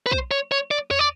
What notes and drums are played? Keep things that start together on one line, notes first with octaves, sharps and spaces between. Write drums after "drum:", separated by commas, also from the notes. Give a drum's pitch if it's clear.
B4
C5, drum: kick
C#5
C#5
D5
C#5, drum: tom E2
D5